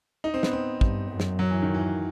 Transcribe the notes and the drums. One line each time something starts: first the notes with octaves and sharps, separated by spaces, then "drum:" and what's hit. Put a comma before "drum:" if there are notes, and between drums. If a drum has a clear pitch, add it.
D#4
C4
B3, drum: snare
C4
G2, drum: kick
F#2
drum: snare
F#3
E3
D#3
E3